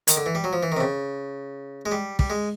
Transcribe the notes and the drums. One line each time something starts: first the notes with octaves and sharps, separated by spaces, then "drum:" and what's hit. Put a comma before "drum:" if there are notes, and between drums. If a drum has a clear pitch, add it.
D#3, drum: hi-hat
D3
E3
G3
F#3
F3
E3
D#3
C3
C#3
G#3
G3
G3, drum: kick
G#3